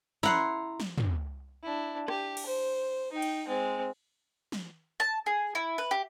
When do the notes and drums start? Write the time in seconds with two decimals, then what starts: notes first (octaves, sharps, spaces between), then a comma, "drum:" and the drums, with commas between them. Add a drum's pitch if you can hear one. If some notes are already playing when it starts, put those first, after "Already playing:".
0.23 E4 F#5 A#5 C6, drum: snare
0.80 drum: snare
0.98 drum: tom
1.63 D4 E4
2.08 G4, drum: rim click
2.37 drum: cymbal
2.46 C5
3.12 D#4 G5
3.22 drum: cymbal
3.48 G#3 C4
4.52 drum: snare
5.00 A5
5.26 G#4
5.55 E4
5.78 B4
5.91 G4